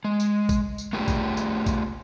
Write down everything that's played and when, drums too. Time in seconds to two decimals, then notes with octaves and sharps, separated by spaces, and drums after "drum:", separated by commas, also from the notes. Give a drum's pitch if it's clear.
0.04 G#3
0.20 drum: tambourine
0.49 drum: kick A#1, tambourine
0.78 drum: tambourine
0.93 A3 F4 G4 G#4
1.08 drum: kick A#1, tambourine
1.37 drum: tambourine
1.66 drum: kick A#1, tambourine